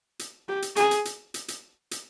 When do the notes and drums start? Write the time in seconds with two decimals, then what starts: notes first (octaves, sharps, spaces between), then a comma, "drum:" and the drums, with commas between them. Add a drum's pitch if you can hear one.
0.19 drum: hi-hat
0.49 G4
0.62 drum: hi-hat
0.76 G#4, drum: hi-hat
0.91 drum: hi-hat
1.05 drum: hi-hat
1.34 drum: hi-hat
1.48 drum: hi-hat
1.91 drum: hi-hat